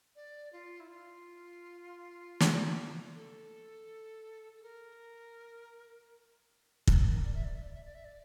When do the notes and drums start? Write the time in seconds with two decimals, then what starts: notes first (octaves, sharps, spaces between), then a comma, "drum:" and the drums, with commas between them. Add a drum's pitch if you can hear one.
0.16 D5
0.53 F4
0.80 E4
0.90 F4
2.40 drum: snare
3.14 A4
4.58 A4
4.63 A#4
6.87 A#4, drum: kick
7.25 D5
7.34 E5
7.45 D5
7.55 E5
7.64 D5
7.75 E5
7.84 D5
7.95 E5
8.05 D5